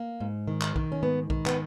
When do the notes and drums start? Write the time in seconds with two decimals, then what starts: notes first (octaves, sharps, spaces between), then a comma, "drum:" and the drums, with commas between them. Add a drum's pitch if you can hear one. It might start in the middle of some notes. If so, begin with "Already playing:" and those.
Already playing: A#3
0.20 G#2
0.48 D#3
0.61 drum: clap
0.76 D#3, drum: kick B1
0.92 C#4
1.03 G#2 B3
1.30 D#3, drum: kick B1
1.46 B3, drum: clap